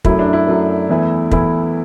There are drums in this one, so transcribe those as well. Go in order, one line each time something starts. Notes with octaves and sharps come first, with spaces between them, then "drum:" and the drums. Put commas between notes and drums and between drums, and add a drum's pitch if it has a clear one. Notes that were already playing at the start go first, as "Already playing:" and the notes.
F#2 F#3 A3 E4, drum: kick
D4
E4
F#2 F#3 A3
E2 E3 A3
E2 E3 A3 E4, drum: kick